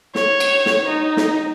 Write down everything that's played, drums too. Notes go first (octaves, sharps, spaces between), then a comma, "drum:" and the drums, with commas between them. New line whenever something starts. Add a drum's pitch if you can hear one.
C#5, drum: snare
drum: cymbal
drum: snare
D#4
drum: snare